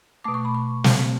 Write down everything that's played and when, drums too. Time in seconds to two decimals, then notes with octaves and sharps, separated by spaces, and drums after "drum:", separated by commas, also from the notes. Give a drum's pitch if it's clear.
0.24 B2 A3 D6
0.34 C#6
0.45 B5
0.55 C#6
0.84 B2 A3, drum: snare